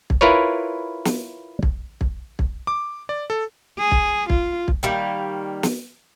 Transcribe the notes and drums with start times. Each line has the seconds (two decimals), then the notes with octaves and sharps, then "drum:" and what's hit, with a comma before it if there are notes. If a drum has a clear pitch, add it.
0.10 drum: kick
0.21 E4 F4 A#4 B4 C#5
1.05 drum: snare
1.63 drum: kick
2.01 drum: kick
2.39 drum: kick
2.67 D6
3.09 D5
3.30 A4
3.79 G#4
3.91 drum: kick
4.30 F4, drum: kick
4.68 drum: kick
4.83 D#3 G3 A#3
5.63 drum: snare